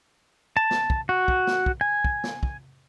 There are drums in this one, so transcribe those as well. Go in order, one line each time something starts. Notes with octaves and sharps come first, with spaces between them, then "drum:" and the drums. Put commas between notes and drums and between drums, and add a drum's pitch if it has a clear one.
A5
drum: snare
drum: kick
F#4
drum: kick
drum: snare
drum: kick
G#5
drum: kick
drum: snare
drum: kick